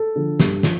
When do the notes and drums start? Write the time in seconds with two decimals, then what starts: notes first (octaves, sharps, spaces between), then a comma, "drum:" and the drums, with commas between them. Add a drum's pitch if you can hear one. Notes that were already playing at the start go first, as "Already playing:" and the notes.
Already playing: A4
0.16 D3 F3
0.40 G2, drum: snare
0.63 F3, drum: snare